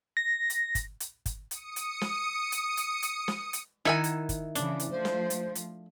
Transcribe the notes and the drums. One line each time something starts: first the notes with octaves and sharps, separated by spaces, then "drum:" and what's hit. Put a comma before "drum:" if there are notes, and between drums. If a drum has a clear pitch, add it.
A#6
drum: hi-hat
drum: kick, hi-hat
drum: hi-hat
drum: kick, hi-hat
D#6 C#7, drum: hi-hat
drum: hi-hat
drum: snare
drum: hi-hat
drum: hi-hat
drum: hi-hat
drum: snare
drum: hi-hat
D#3 E4 A#4 E5 F#5 G#5
drum: hi-hat
drum: kick, hi-hat
C#3 E3 D4, drum: hi-hat
drum: hi-hat
F3 A3 C5
drum: snare
drum: hi-hat
drum: hi-hat